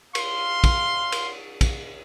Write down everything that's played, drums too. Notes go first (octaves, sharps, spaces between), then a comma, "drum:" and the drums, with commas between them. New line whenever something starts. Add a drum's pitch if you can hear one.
F5 C6, drum: cymbal
drum: kick, cymbal
drum: cymbal
drum: kick, cymbal